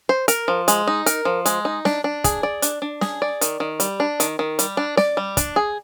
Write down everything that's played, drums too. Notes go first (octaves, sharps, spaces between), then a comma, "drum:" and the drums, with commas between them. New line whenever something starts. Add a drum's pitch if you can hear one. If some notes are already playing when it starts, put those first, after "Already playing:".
C5
A#4, drum: hi-hat
F3
G#3, drum: hi-hat
D#4
A#4, drum: hi-hat
F3
G#3, drum: hi-hat
D#4
D4, drum: snare
D4
G#4, drum: kick, hi-hat
D5
D4, drum: hi-hat
D4
G#4, drum: snare
D5
D#3, drum: hi-hat
D#3
G3, drum: hi-hat
D4
D#3, drum: hi-hat
D#3
G3, drum: hi-hat
D4
D5, drum: snare
G3
D4, drum: kick, hi-hat
G#4